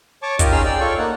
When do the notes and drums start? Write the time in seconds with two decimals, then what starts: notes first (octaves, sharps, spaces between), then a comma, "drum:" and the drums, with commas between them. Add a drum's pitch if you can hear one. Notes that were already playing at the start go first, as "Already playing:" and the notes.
0.23 C#5 A5 C#6 D6
0.39 D#4 F4 G4 A#4 D#5, drum: kick, hi-hat
0.52 C#4 D#4 G#4 C6 E6 F6
0.65 D5 G5 E6
0.80 F4 A4 C#5 C#6
0.98 A#3 D#4 F#5